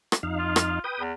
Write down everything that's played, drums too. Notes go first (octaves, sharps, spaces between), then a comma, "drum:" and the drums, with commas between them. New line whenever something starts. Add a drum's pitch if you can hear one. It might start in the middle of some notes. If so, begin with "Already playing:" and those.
drum: rim click
F2 D#4 F5
F4
drum: rim click
B4 G5 D#6
E2